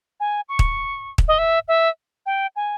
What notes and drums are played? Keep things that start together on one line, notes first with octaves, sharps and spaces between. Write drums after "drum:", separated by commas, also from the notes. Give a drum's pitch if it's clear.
G#5
C#6
drum: kick
drum: kick
D#5
E5
E5
G5
G#5